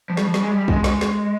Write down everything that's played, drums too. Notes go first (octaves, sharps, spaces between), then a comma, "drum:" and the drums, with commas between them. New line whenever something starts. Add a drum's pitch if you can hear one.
F3
G3, drum: snare
F3
G3, drum: snare
G#3
G3
G#3, drum: kick B1
G#3, drum: snare
drum: snare